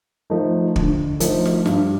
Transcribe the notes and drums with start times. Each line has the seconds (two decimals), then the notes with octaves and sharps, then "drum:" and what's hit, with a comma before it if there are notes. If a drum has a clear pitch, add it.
0.30 F3 A3 D#4
0.76 D3, drum: kick
1.20 F3 A3 D#4, drum: hi-hat
1.45 drum: snare
1.66 G2, drum: snare